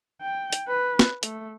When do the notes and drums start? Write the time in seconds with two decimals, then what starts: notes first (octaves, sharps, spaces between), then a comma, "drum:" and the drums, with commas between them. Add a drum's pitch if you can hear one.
0.21 G5
0.53 drum: hi-hat
0.68 B4
0.99 drum: snare
1.23 A3, drum: hi-hat